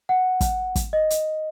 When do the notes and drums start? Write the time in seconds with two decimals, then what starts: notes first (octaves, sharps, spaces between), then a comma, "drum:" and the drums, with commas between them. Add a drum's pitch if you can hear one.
0.09 F#5
0.41 drum: kick, hi-hat
0.76 drum: kick, hi-hat
0.93 D#5
1.10 drum: hi-hat